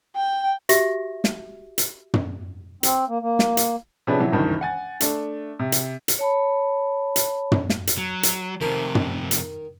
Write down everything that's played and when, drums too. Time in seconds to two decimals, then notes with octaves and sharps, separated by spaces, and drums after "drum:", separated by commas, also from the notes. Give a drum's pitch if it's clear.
0.16 G5
0.69 F#4 G4 E5, drum: hi-hat
1.24 drum: snare
1.78 drum: hi-hat
2.14 drum: tom
2.83 C4, drum: hi-hat
3.08 A#3
3.22 A#3
3.39 drum: snare
3.57 drum: hi-hat
4.07 C3 F3 C#4 D4 G#4 B4
4.20 C3 E3 F#3
4.32 F#1 C#2 G2 D#3 E3
4.61 F#5 G#5 A6
5.00 A3 D4, drum: hi-hat
5.59 C3
5.72 drum: hi-hat
6.08 drum: hi-hat
6.19 C#5 A5 B5
7.16 drum: hi-hat
7.52 drum: tom
7.69 drum: snare
7.87 drum: hi-hat
7.98 F#3
8.23 drum: hi-hat
8.61 F2 C3 D#3 A#4
8.95 drum: tom
9.31 drum: hi-hat